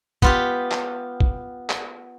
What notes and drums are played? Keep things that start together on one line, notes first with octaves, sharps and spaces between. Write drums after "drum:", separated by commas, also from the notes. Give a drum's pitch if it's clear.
B3 F4 G4, drum: kick
drum: clap
drum: kick
drum: clap